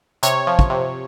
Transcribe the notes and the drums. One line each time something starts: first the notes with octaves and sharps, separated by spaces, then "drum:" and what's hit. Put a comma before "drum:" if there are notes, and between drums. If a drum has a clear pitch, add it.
C3 C#5, drum: hi-hat
F3
drum: kick
C3